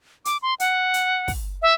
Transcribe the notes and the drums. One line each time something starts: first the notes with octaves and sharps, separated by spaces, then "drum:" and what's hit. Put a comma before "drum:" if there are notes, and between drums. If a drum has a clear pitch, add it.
D6, drum: hi-hat
C6
F#5, drum: hi-hat
drum: hi-hat
drum: kick, open hi-hat
E5